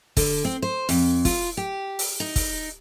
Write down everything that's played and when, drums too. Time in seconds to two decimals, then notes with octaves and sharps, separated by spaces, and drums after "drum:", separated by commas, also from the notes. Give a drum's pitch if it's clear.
0.17 D3, drum: kick, open hi-hat
0.45 C4
0.62 C5
0.89 F2, drum: open hi-hat
1.25 F4, drum: kick, open hi-hat
1.57 G4
1.99 drum: open hi-hat
2.20 D#4
2.36 drum: kick, open hi-hat